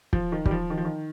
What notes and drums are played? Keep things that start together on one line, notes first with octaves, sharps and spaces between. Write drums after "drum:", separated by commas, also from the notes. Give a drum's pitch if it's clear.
F3, drum: kick
D#3
G3, drum: kick
F3
D#3
F3
D#3